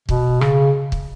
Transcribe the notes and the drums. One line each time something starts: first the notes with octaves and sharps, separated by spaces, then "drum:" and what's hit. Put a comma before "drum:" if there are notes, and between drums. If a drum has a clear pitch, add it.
B2, drum: kick
C#3, drum: rim click
drum: kick